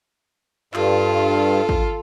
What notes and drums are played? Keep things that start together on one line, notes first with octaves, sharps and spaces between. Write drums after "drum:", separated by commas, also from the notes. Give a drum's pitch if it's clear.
G2 F4 A4, drum: clap
drum: kick